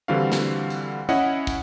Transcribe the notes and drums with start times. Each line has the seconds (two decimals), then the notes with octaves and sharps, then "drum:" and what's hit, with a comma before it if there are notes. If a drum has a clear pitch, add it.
0.08 D3 E3 G3 C4 F#4 F5
0.32 drum: snare
0.70 drum: tambourine
1.09 C#4 E4 D#5 F#5, drum: tambourine
1.47 drum: kick, tambourine